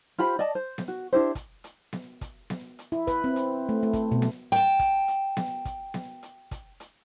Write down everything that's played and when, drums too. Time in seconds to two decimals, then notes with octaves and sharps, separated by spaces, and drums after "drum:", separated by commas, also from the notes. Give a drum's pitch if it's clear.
0.18 F4 G4 C5 B5
0.39 D5 D#5 A5
0.55 C5
0.78 drum: snare B3
0.88 F#4
1.13 D4 E4 G4 C5
1.35 drum: kick, hi-hat
1.64 drum: hi-hat
1.93 drum: snare B3
2.21 drum: kick, hi-hat
2.50 drum: snare B3
2.79 drum: hi-hat
2.92 E4
3.07 B4, drum: kick, hi-hat
3.24 C4
3.36 drum: hi-hat
3.69 A3
3.83 A3
3.93 drum: kick, hi-hat
4.12 B2
4.22 drum: snare B3
4.52 G5 A5, drum: hi-hat
4.79 drum: kick, hi-hat
5.08 drum: hi-hat
5.37 drum: snare B3
5.65 drum: kick, hi-hat
5.94 drum: snare B3
6.23 drum: hi-hat
6.51 drum: kick, hi-hat
6.80 drum: hi-hat